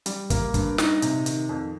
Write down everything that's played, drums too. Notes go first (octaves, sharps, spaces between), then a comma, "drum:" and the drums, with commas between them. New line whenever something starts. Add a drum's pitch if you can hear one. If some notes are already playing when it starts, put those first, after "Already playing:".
G3, drum: hi-hat
A#3, drum: kick, hi-hat
G2, drum: kick, hi-hat
D#4, drum: snare
C3, drum: hi-hat
D#3, drum: hi-hat
F2